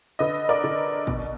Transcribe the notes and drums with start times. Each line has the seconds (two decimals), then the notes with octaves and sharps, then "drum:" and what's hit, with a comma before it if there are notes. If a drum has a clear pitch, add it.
0.19 D3 B4 D#5
0.49 A#4 D5
0.64 D3
1.07 B2, drum: kick